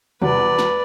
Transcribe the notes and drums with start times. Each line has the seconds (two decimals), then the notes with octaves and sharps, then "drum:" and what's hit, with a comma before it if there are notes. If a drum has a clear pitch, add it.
0.22 E2 G3 F#4 B4 D5, drum: tom
0.59 drum: snare